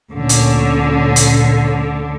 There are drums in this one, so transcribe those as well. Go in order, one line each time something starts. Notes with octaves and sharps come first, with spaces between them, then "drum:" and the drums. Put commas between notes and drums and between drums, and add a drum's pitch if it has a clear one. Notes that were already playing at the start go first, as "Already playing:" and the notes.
D2 A#2 D3 C#4 C#5
drum: hi-hat
drum: hi-hat